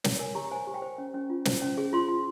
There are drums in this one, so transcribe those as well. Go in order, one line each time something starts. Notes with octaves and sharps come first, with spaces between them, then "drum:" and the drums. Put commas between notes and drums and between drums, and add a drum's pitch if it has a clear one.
C#5, drum: snare
A#4 G#5
G4 A#5
C5 G#5
G4
G5
C5
C#4
C#4
F4
C5, drum: snare
C#4
G#4
F4 C6
F4